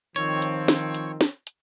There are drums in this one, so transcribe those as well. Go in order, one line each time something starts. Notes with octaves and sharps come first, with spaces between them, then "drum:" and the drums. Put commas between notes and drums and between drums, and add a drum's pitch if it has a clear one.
D#3 F3 C4 C#5, drum: hi-hat
drum: hi-hat
drum: snare
drum: hi-hat
drum: snare
drum: hi-hat